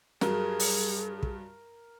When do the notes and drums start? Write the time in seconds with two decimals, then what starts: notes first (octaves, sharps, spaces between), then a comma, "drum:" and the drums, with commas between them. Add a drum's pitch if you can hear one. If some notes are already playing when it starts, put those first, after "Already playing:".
0.21 G2 F#3 G#4 A#4, drum: snare
0.60 drum: open hi-hat
1.23 drum: kick